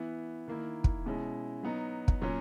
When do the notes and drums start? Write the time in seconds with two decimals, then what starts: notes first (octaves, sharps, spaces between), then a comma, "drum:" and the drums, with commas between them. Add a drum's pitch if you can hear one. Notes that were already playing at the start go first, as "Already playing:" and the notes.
Already playing: E3 B3 E4
0.48 D#3 A#3 E4
0.84 drum: kick
1.06 B2 G#3 C#4 E4
1.63 F#3 B3 D#4
2.08 drum: kick
2.21 A#2 F#3 C#4